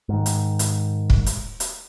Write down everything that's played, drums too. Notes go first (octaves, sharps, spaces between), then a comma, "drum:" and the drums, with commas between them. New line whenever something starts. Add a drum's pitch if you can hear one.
G#2 D#3
drum: hi-hat
drum: hi-hat
drum: kick
drum: hi-hat
drum: hi-hat